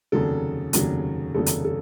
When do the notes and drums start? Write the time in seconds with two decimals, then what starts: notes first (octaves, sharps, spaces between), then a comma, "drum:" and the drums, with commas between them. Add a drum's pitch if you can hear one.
0.12 F1 D#2 C#3 F#3 A4
0.73 F1 D#2 C#3 F#3, drum: hi-hat
1.34 F1 D#2 C#3 F#3 A4
1.46 drum: hi-hat
1.65 A4